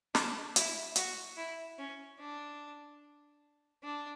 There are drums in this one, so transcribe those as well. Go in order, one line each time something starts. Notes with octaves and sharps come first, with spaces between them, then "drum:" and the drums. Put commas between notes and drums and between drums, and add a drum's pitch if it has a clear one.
D4, drum: snare
E4, drum: hi-hat
F#4, drum: hi-hat
E4
C#4
D4
D4